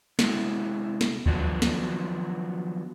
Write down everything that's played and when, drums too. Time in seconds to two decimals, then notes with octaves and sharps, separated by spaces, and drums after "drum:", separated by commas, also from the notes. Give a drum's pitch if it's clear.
0.19 C3 G#3 E4 F#4, drum: snare
1.01 drum: snare
1.26 D#3 F3 F#3 B3 D4 F#4, drum: kick D2
1.62 drum: snare